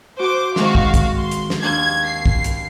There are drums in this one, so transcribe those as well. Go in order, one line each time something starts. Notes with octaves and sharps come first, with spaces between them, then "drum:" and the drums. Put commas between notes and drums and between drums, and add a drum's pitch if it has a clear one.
F#4 C5 D6
D#3 G#3 C4 F#4 F5, drum: snare
drum: kick
drum: kick, hi-hat
C6
drum: hi-hat
drum: snare
D#2 D4 G#6
C7
drum: kick
drum: hi-hat